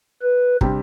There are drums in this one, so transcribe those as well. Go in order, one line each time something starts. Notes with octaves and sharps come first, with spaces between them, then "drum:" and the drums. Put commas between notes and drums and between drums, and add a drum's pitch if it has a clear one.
B4
C3 G3 D4 G4, drum: kick